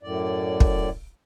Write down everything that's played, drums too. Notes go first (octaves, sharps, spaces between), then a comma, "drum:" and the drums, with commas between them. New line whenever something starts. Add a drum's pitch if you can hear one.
F#2 A2 D5
drum: kick